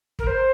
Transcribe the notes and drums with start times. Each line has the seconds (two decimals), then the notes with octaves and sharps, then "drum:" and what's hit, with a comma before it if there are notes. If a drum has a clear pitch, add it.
0.19 A#4, drum: kick
0.26 C5